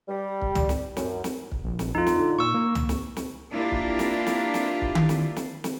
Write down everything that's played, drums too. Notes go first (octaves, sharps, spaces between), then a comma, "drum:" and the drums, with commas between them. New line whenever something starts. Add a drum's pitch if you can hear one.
G3
drum: kick
drum: tom
drum: snare
F#2, drum: snare
drum: snare
drum: kick
A#1
drum: snare
F2 D#4 F4
drum: snare
D3
A#2 C#6 E6
A#3
drum: tom
drum: snare
drum: snare
A#3 D4 E4 F4 G4
drum: kick
drum: snare
drum: snare
drum: snare
drum: kick
drum: tom D#3
drum: snare
drum: snare
drum: snare